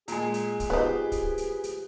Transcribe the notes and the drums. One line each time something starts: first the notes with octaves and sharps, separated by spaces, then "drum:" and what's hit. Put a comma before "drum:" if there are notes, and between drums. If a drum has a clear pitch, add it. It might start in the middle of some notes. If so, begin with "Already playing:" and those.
A#2 G#3 G#4, drum: hi-hat
drum: hi-hat
drum: kick, hi-hat
B3 D#4 F4 G4 B4 C5
drum: kick, hi-hat
drum: hi-hat
drum: hi-hat